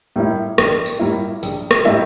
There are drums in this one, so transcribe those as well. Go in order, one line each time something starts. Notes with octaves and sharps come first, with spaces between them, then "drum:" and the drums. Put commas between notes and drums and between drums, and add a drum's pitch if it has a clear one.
A2 G3 A#3 E4
A#1, drum: rim click
drum: tambourine
A2 G3 A#3 E4
A#1, drum: tambourine
drum: rim click
A2 G3 A#3 E4 E5